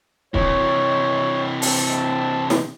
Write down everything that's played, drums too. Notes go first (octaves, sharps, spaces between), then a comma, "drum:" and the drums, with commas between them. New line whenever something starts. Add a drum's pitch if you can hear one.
C3 E3 C#5, drum: kick
C4 A5, drum: open hi-hat
drum: snare